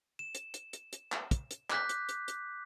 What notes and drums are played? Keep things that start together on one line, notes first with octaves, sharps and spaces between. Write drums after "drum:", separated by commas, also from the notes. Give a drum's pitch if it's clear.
E7
drum: hi-hat
drum: hi-hat
drum: hi-hat
drum: hi-hat
drum: clap
drum: kick, hi-hat
drum: hi-hat
D6 F#6 G6 B6, drum: clap
drum: hi-hat
drum: hi-hat
drum: hi-hat